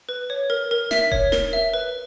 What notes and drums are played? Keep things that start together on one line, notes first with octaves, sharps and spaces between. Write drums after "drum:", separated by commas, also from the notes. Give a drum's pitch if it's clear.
B4
C#5
A#4
A#4
E5 B6, drum: snare
C#5, drum: kick E1
A#4, drum: snare
E5
B4